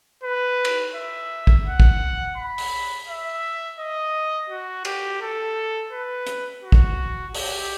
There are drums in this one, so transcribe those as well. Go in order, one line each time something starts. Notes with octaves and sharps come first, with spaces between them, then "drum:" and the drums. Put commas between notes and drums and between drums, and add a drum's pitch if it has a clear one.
B4
drum: cymbal
E5
drum: kick A#1
F#5
drum: kick A#1
B5
drum: open hi-hat
E5
D#5
F#4
G4, drum: cymbal
A4
B4
drum: hi-hat
F#4
drum: kick A#1
G4, drum: open hi-hat